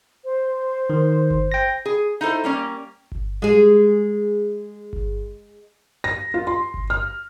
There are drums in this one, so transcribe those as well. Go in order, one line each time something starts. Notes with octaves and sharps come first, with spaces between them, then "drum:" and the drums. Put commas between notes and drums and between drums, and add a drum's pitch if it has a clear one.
C5
D#3
drum: kick G1
G5 A#6
G#4
D#4 E4 A4 C5
G3 A#3 C#4
drum: kick G1
G#3 G#4
drum: kick G1
A#6
F4
C6
drum: kick G1
F6